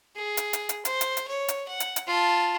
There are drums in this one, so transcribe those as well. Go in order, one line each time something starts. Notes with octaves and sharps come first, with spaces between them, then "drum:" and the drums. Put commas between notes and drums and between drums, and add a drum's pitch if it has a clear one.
G#4
drum: hi-hat
drum: hi-hat
drum: hi-hat
C5, drum: hi-hat
drum: hi-hat
drum: hi-hat
C#5
drum: hi-hat
F#5
drum: hi-hat
drum: hi-hat
F4 A5